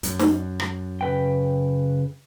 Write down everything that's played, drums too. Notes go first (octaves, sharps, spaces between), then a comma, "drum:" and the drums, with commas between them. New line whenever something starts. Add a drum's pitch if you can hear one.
F#2, drum: hi-hat
drum: snare
drum: rim click
C#3 B4 G5